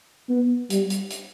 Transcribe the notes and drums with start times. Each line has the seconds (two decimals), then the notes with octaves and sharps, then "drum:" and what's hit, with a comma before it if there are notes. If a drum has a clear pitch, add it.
0.29 B3
0.70 G3, drum: hi-hat
0.90 drum: hi-hat
1.10 drum: hi-hat